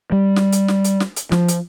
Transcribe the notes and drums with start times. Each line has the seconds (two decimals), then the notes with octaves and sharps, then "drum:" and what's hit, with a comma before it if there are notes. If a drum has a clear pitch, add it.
0.12 G3
0.36 drum: snare
0.52 drum: hi-hat
0.68 drum: snare
0.84 drum: hi-hat
1.00 drum: snare
1.16 drum: hi-hat
1.32 F3, drum: snare
1.48 drum: hi-hat